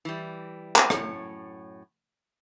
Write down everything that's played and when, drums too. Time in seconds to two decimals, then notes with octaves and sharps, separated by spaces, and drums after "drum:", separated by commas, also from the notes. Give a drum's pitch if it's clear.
0.05 E3 G3
0.76 drum: clap
0.90 F#2 A2 C#5, drum: rim click